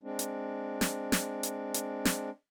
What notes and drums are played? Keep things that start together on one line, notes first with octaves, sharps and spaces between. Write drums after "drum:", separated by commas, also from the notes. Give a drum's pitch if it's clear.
G#3 C4 D4
drum: hi-hat
drum: snare
drum: snare
drum: hi-hat
drum: hi-hat
drum: snare